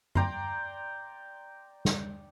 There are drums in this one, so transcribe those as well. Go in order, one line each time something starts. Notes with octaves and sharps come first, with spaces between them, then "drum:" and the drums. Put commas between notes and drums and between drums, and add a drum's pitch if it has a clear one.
D5 G5 A#5 C6, drum: tom F#2
drum: snare